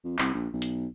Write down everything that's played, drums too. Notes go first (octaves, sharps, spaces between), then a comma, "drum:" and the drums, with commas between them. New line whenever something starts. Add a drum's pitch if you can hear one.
F2
C2, drum: clap
A#1
B1
drum: hi-hat